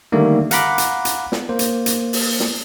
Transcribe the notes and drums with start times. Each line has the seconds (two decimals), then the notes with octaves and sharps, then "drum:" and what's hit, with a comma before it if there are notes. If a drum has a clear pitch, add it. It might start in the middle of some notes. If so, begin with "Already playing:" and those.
0.12 D3 D#3 G3 A3 A#3
0.51 F5 F#5 A#5 B5 D6, drum: hi-hat
0.78 drum: hi-hat
1.05 drum: hi-hat
1.32 drum: snare
1.49 A#3 C5
1.59 drum: hi-hat
1.86 drum: hi-hat
2.13 drum: open hi-hat
2.40 drum: snare